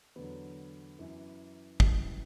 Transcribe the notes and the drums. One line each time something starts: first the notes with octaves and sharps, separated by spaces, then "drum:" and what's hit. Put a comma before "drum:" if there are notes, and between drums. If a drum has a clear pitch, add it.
E2 D3 F#3 B3
F#2 E3
F#2 E3 G3, drum: kick